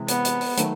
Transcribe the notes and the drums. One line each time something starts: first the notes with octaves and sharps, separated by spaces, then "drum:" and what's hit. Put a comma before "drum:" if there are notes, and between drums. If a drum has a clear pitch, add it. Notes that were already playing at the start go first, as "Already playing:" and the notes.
Already playing: C3 E3 G#3
B3, drum: hi-hat
drum: hi-hat
drum: open hi-hat
D#3 F#3 A3, drum: hi-hat